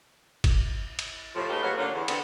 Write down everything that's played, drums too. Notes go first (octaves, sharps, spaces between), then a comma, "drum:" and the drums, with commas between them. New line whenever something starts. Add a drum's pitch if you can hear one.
drum: kick, cymbal
drum: cymbal
A2 C3 F3
G#3 A3 D#4 F4 G4 B4
D#2 F#3 A3 B3 F5 F#5
G2 D3 A#3 C#4 D4 F4
E2
D3 B3 C4, drum: cymbal